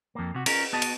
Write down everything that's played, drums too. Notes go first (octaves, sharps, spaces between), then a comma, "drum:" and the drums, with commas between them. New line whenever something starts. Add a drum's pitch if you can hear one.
F2 A#3
C3 F#4
C#4 F4 A#4, drum: cymbal
B3 F#4 D#5 A5
drum: cymbal